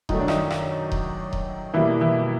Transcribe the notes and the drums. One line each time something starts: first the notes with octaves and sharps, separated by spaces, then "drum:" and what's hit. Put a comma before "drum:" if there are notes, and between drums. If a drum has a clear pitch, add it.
F#2 D#3 F#3 A3 D#4, drum: kick D#1
D4
D#3 D#4, drum: rim click
drum: rim click
drum: kick D#1
drum: kick D#1
B2 E3 G3 A#3 E4
E3 E4